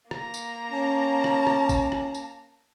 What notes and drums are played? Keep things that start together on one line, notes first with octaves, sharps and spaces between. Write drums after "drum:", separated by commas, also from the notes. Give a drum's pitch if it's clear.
A#3 A#5, drum: rim click
drum: tambourine
C#4 A5
drum: rim click
drum: rim click
drum: kick, tambourine
drum: rim click
drum: tambourine